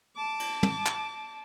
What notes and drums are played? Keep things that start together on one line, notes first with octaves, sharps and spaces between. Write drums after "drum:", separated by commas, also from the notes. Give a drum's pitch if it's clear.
A5 D6
drum: cymbal
drum: tom
drum: clap